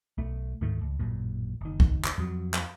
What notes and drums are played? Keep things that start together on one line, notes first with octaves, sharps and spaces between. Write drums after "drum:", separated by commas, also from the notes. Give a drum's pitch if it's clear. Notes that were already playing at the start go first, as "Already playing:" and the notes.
B1 A3
D1 G#2 D#3 A3
C#2
A1 F#2 A#2
F#1 D#3
drum: kick B1
drum: clap
F2 F#3
drum: clap